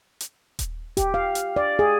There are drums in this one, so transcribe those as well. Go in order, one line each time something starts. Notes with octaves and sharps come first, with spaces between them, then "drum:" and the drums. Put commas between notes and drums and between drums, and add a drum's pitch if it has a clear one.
drum: hi-hat
drum: kick D#1, hi-hat
G4, drum: kick D#1, hi-hat
F5
drum: hi-hat
D5
G#4